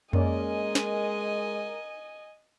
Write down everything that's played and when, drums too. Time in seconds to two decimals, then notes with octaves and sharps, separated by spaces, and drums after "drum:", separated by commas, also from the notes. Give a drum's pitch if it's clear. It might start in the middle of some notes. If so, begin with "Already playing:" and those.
0.13 G#3 A#3 C#4 A#4 D5 D#5 G#5, drum: tom F2
0.75 drum: snare